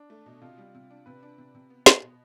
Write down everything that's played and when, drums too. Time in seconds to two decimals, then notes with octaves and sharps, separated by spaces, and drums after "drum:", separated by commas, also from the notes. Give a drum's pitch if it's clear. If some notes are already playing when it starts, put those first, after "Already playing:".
Already playing: D4
0.10 A3
0.26 B2
0.42 C3 F4
0.58 G3
0.75 C3
0.91 D4
1.06 C3 B4
1.23 D4
1.38 C3
1.55 C3
1.70 B3
1.86 B3, drum: snare
2.02 B2